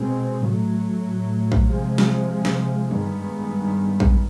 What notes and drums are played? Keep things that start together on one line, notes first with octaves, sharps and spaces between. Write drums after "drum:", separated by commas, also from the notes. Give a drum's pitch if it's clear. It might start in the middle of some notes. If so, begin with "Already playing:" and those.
Already playing: B2 G#3 C4
A2 F#3 A3, drum: tom A#2
drum: kick
C3 F3 G#3
drum: snare
drum: snare
G2 D#3 G#3 B3, drum: tom D3
drum: kick